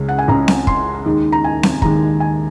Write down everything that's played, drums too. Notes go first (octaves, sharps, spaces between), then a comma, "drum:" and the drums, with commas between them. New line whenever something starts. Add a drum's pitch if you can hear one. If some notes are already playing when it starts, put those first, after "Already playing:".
Already playing: C#2 C#3 G#3 C#4
F#5
G#5
C#2 C#3 G#3 C#4 A#5
drum: snare C4
C6, drum: kick
D#2 D#3 G#3
A#5
G#5
drum: snare C4
D#2 D#3 G#3 A#5, drum: kick
G#5